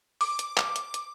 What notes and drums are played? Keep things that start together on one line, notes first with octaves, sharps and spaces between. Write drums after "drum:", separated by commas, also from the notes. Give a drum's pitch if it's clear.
D6, drum: open hi-hat
drum: hi-hat
drum: clap
drum: hi-hat
drum: hi-hat